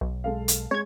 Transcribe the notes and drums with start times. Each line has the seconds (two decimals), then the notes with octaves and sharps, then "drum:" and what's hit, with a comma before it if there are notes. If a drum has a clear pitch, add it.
0.01 B1
0.24 G#3 A4 F5
0.48 drum: hi-hat
0.71 G#3 C#5 G#6